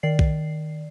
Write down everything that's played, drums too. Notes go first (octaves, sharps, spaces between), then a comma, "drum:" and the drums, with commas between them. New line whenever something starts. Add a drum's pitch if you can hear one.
D#3 D5 C7
drum: kick B1